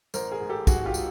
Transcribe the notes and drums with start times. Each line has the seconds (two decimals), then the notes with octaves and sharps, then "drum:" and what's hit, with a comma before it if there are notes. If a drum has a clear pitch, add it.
0.14 A1 A#4 C5, drum: tambourine
0.32 G#4 A#4
0.41 G#2
0.49 G4 A4
0.67 D#3 F#4 G#4, drum: kick, tambourine
0.85 F4 G4
0.94 G#3, drum: tambourine